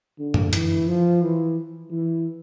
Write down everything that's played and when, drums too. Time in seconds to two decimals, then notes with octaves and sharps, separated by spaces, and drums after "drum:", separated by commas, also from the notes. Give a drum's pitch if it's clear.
0.19 D3
0.34 drum: tom F#2
0.53 E3, drum: hi-hat
0.87 F3
1.21 E3
1.90 E3